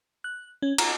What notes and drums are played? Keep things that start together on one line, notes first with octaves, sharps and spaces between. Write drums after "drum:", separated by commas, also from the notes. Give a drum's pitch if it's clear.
F#6
C#4
A#5, drum: cymbal